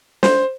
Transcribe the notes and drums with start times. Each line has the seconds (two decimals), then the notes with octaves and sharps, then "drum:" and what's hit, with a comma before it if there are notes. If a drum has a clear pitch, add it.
0.23 C5, drum: snare